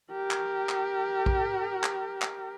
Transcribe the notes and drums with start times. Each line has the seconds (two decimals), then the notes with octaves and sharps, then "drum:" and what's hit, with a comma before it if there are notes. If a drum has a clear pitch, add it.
0.12 G4 A#4
0.31 drum: clap
0.69 drum: clap
1.26 drum: kick A#1
1.84 drum: clap
2.22 drum: clap